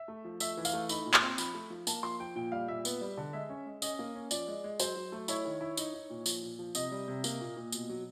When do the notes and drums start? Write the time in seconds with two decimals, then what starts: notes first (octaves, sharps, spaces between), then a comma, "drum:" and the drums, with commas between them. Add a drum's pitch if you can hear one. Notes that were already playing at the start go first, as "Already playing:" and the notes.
Already playing: E5
0.08 A3
0.25 F3
0.40 A3 E5, drum: tambourine
0.57 E3
0.65 F5, drum: tambourine
0.73 A3
0.89 D#4 B5, drum: tambourine
1.06 A#2
1.14 C6, drum: clap
1.22 C4
1.38 F3 B5, drum: tambourine
1.54 A3
1.70 F3
1.87 A#3 A5, drum: tambourine
2.03 F3 C6
2.20 F3 G5
2.35 A#2 G5
2.52 G3 F5
2.68 A#2 E5
2.85 B3, drum: tambourine
3.01 G3
3.17 D3
3.33 G#3 E5
3.49 C#4
3.66 G#3
3.82 C#4 D#5, drum: tambourine
3.99 A#3
4.15 C#4
4.31 F3 D5, drum: tambourine
4.48 G#3
4.64 G#3
4.80 F#3 C5, drum: tambourine
4.96 F#3
5.12 A3
5.28 E4 C#5, drum: tambourine
5.45 D#3
5.61 E4
5.77 D#4, drum: tambourine
5.94 D#4
6.10 A#2
6.26 F3, drum: tambourine
6.43 A#2
6.59 F3
6.75 C3 D#5, drum: tambourine
6.92 G3
7.08 C3
7.24 A#3, drum: tambourine
7.41 A#2
7.57 A#2
7.72 B2, drum: tambourine
7.89 F#3